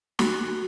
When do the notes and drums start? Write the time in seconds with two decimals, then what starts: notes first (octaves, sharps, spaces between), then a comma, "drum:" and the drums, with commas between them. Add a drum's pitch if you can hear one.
0.19 F#4, drum: snare